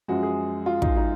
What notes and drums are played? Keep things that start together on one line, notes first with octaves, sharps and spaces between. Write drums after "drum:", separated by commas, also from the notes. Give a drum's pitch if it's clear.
F#2 F3 G#3 F#4
G#4
F4
D#4, drum: kick
D#4